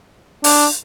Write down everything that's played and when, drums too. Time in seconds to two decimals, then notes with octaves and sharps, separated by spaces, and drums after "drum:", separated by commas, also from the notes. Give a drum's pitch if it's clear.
0.44 D4, drum: open hi-hat